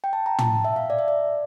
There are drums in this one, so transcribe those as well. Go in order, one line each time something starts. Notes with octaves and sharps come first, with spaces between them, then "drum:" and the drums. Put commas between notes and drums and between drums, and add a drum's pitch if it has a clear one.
G5
A5
A#5
A5, drum: tom
E5
F5
D5
E5
D5